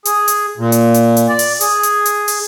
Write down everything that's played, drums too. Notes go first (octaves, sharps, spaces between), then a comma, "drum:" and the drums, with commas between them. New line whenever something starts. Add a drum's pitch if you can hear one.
G#4, drum: hi-hat
drum: hi-hat
A#2
drum: hi-hat
drum: hi-hat
drum: hi-hat
D5
drum: open hi-hat
G#4, drum: hi-hat
drum: hi-hat
drum: hi-hat
drum: open hi-hat